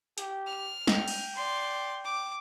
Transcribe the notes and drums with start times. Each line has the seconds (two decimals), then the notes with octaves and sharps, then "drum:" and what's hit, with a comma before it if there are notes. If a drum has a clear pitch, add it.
0.18 G4, drum: hi-hat
0.47 F6
0.87 G5, drum: snare
1.08 drum: cymbal
1.35 D5 C6
2.05 D6